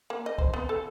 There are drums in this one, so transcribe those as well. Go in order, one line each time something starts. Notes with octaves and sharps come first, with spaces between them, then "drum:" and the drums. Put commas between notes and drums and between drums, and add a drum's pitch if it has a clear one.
A#3
D#5
C5, drum: kick
B3
A4